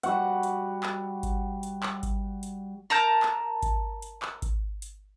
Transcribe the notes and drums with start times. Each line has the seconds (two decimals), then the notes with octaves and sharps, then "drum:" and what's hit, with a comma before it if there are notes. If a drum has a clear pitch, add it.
0.03 G3 F#4 F#5, drum: hi-hat
0.43 drum: hi-hat
0.83 drum: clap
1.23 drum: kick G#1, hi-hat
1.63 drum: hi-hat
1.83 drum: clap
2.03 drum: kick G#1, hi-hat
2.43 drum: hi-hat
2.90 A#4 A5 A#5 G6
3.23 drum: clap
3.62 drum: kick G#1, hi-hat
4.02 drum: hi-hat
4.22 drum: clap
4.42 drum: kick G#1, hi-hat
4.82 drum: hi-hat